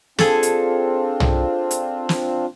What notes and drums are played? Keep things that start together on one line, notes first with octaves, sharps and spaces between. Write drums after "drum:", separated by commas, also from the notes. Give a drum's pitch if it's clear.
C4 D4 F4 G#4 A4, drum: snare
drum: hi-hat
drum: tom
drum: hi-hat
drum: snare